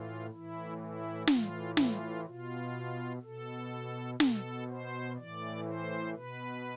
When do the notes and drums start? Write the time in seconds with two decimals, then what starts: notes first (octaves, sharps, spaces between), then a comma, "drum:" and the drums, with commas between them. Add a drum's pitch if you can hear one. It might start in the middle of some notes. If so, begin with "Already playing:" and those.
Already playing: A2 E3 F4
0.30 E3 E4
0.36 A2
0.79 E4
1.27 A2 E3 F4, drum: snare
1.77 F4, drum: snare
2.25 B2 F4
3.23 B2 A4
4.20 B2 A4, drum: snare
4.68 C5
5.17 A2 E3 D5
5.66 C5
6.14 B2 B4